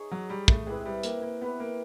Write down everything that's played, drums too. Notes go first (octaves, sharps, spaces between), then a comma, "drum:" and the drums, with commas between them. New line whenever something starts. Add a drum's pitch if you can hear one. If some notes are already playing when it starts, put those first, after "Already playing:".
Already playing: D#4 G#4 C#5
F#3
G3
A3, drum: kick
G#3 C4 E4 G4 B4
G3
A#3, drum: hi-hat
A#3
B3 C4 E4 G4 B4
A#3